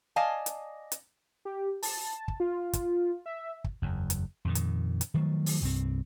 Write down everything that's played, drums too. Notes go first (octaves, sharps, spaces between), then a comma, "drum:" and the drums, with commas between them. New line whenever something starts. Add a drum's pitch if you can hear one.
D5 D#5 F5 G#5 A5
drum: hi-hat
drum: hi-hat
G4
A5, drum: open hi-hat
drum: kick
F4
drum: kick, hi-hat
E5
drum: kick
F#1 E2
drum: hi-hat
F2 A#2 D#3
drum: hi-hat
drum: hi-hat
D#3 F3 F#3 A3
drum: open hi-hat
C2 G2 C4